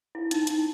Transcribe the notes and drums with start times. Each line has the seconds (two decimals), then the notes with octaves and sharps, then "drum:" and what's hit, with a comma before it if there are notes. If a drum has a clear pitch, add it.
0.15 E4
0.31 D#4, drum: hi-hat
0.47 D#4, drum: hi-hat